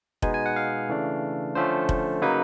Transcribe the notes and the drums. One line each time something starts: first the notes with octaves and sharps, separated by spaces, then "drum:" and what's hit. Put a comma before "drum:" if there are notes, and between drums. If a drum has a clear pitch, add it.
B2 G#3 B3 D#4 G#5, drum: kick F1
G#5
F#5
F5
C#3 E3 A3 D4
D3 F3 A3 C#4 C5
drum: kick F1
C#3 F#3 A#3 D#4 B4